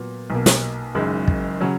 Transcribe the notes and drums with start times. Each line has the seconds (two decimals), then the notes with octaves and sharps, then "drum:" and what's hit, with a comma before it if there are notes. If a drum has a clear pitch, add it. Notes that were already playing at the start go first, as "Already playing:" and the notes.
Already playing: A#2 F#3 B3
0.30 B1 B2 A#3
0.46 drum: snare
0.95 F#1 F#2 D#3 G#3 D#4
1.28 drum: kick
1.61 C#3 F#3 C#4